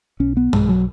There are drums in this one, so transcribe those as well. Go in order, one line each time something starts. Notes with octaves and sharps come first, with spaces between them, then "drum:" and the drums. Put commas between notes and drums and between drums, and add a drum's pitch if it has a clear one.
B1 C#4
B3
B1 G#3, drum: tom G2
F#3